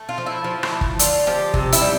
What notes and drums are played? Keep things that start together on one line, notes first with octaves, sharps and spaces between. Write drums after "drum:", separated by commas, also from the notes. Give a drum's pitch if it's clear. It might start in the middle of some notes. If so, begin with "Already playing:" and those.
Already playing: A3
F4
F3
E4
F3
drum: rim click
A3
drum: kick G1
D3 F4, drum: hi-hat
F3 G4
C3, drum: kick G1
E4, drum: hi-hat
G3